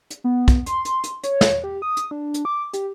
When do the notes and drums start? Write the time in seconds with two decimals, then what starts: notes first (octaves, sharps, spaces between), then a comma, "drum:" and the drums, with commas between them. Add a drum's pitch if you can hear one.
0.10 drum: hi-hat
0.24 B3
0.48 drum: kick, hi-hat
0.66 C6, drum: hi-hat
0.85 drum: hi-hat
1.04 drum: hi-hat
1.23 C#5, drum: hi-hat
1.41 drum: snare
1.64 G4
1.82 D#6
1.97 drum: hi-hat
2.11 D4
2.34 drum: hi-hat
2.45 D6
2.73 G4, drum: hi-hat